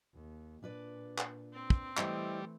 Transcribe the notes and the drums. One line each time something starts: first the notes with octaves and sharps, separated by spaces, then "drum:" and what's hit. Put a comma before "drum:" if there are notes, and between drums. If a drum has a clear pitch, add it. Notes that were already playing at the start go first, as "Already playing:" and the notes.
D#2
A#2 D4 B4 D5
drum: clap
C4
drum: kick
E3 G3 A3 E4 C5 D#5, drum: clap